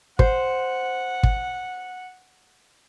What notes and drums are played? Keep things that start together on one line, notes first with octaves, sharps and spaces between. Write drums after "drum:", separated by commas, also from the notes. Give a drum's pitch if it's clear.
C5 F#5, drum: kick
drum: kick